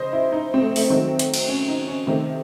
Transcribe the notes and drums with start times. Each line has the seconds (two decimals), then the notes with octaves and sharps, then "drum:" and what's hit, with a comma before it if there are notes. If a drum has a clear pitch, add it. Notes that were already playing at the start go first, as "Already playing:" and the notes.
Already playing: C#3 C5 D#5
0.13 E4
0.32 D#4
0.54 C4
0.61 A3
0.76 A3, drum: open hi-hat
0.90 D#3 F#3 A3 C4
1.19 drum: hi-hat
1.34 drum: cymbal
1.48 C#4
1.68 D#4
1.87 C#4
2.07 C3 D#3 A3 C4